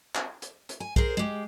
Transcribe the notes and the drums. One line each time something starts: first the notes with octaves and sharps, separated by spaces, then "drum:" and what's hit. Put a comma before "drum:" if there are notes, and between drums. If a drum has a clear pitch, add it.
drum: clap
drum: hi-hat
drum: hi-hat
G#5
G#4 A#4 C5, drum: kick B1
G#3 G4